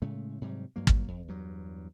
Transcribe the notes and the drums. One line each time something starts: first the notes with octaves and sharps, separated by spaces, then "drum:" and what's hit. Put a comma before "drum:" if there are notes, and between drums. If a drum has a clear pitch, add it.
A2 C#3 G#3 A3
G#2 C3 F#3 G3
G2 F#3 A#3
drum: kick
F2
E2 G2 F#3